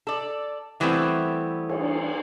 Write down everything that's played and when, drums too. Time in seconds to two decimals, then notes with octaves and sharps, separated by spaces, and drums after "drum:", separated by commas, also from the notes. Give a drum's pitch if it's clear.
0.07 A4 D5
0.80 D3 E3 G3 A3 B3 C4
1.69 drum: cymbal